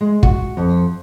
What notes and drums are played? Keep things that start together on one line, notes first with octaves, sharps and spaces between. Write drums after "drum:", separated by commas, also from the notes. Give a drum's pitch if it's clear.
G#3
F#4, drum: kick
F2